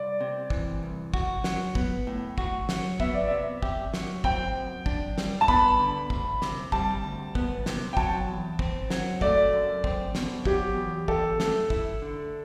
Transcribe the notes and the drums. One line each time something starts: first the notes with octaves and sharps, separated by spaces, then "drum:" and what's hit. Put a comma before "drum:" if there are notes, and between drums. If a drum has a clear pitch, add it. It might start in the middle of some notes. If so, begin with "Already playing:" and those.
Already playing: C2 D5
C3
E3, drum: kick
C2
F#4, drum: kick
F#3, drum: snare
B3, drum: kick
A2
F#4, drum: kick
F#3, drum: snare
B3 E5, drum: kick
D5
C3 E5
G4, drum: kick
F#3, drum: snare
C4 G5, drum: kick
F#2
D4, drum: kick
G3, drum: snare
A5
B3 B5, drum: kick
D3
D2, drum: kick
C3, drum: snare
G3 A5, drum: kick
D2
B3, drum: kick
C3, drum: snare
G5
F#3 A5, drum: kick
E2
C4, drum: kick
F#3, drum: snare
A3 D5, drum: kick
F#2
C4, drum: kick
B2, drum: snare
F#3 G4, drum: kick
E2
G4 A4, drum: kick
A3, drum: snare
E4, drum: kick
D3